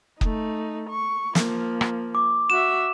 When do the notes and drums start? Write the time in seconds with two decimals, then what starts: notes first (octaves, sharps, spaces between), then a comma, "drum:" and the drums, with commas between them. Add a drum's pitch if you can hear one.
0.21 A3 D#4, drum: kick
0.90 C#6
1.35 F3 A#3, drum: snare
1.81 drum: rim click
2.15 D6
2.50 F#4 E5 E7